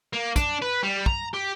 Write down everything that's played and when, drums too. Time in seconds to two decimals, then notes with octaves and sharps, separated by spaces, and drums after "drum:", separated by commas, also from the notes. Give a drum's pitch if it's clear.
0.13 A#3
0.36 D4, drum: kick, hi-hat
0.62 B4
0.83 G3
1.06 A#5, drum: kick
1.34 G4